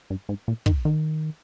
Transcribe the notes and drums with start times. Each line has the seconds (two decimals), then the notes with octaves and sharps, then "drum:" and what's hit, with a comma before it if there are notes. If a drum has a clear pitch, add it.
0.10 G2
0.29 G#2
0.48 A#2
0.66 D#3, drum: kick
0.85 D#3